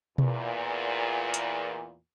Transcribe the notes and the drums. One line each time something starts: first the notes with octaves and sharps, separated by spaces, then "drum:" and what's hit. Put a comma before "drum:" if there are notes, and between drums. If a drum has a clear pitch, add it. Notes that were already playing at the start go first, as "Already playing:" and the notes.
E2 A#2, drum: tom B2
drum: hi-hat